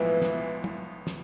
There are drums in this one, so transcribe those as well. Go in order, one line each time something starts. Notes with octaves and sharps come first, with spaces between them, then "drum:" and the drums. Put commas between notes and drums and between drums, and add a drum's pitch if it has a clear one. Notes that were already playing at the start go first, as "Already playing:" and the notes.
Already playing: B1 A2 E3 F3 G#3 B3
drum: snare
drum: tom
drum: snare